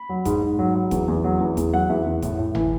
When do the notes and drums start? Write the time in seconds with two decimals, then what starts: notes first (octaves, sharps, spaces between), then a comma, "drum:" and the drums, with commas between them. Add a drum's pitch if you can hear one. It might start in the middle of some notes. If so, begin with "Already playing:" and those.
Already playing: B5
0.09 F#3
0.25 G#2, drum: kick G1, hi-hat
0.42 G#2
0.59 F#3
0.75 F#3
0.91 E2, drum: kick G1, hi-hat
1.08 E2
1.24 F#3
1.40 E2
1.57 E2, drum: kick G1, hi-hat
1.73 F#3 F#5
1.89 E2 E5
2.06 E2
2.22 A2, drum: kick G1, hi-hat
2.39 A2
2.55 E3, drum: tom G1